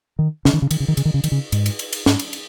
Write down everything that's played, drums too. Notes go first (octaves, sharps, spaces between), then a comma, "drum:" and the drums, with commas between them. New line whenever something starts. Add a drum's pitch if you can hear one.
D#3
C#3, drum: snare
D#3
C#3
D#3, drum: cymbal
C#3
D#3
C#3, drum: cymbal
D#3
C#3
D#3, drum: cymbal
C#3
G#2, drum: cymbal
drum: cymbal
drum: cymbal
drum: cymbal
G#2, drum: snare
drum: cymbal
drum: cymbal